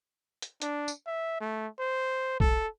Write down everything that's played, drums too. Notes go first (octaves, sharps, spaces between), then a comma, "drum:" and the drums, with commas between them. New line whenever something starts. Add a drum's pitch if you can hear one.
drum: hi-hat
D4, drum: hi-hat
drum: tambourine
E5
A3
C5
A4, drum: kick B1